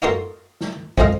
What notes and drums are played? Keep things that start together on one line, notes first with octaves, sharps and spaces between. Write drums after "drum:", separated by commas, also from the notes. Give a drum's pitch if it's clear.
D#4 F4 F#4 A4 A#4 C6
drum: snare
F2 F3 G#3 D#5 F5, drum: kick